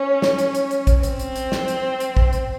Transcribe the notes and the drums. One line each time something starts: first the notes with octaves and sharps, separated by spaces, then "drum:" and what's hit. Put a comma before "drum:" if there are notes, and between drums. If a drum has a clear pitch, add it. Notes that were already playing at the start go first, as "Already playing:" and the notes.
Already playing: C#4
drum: snare
drum: hi-hat
drum: hi-hat
drum: hi-hat
drum: kick, hi-hat
C4, drum: hi-hat
drum: hi-hat
drum: hi-hat
drum: snare
drum: hi-hat
drum: hi-hat
drum: kick
drum: hi-hat